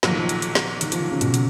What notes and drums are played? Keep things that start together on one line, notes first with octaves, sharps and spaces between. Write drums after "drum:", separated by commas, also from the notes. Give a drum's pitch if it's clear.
B1 A#2 F3 F#3, drum: snare
D#3
F3
drum: hi-hat
drum: hi-hat
drum: snare
D#3, drum: hi-hat
F3, drum: hi-hat
D#3
C#3
B2, drum: hi-hat
drum: hi-hat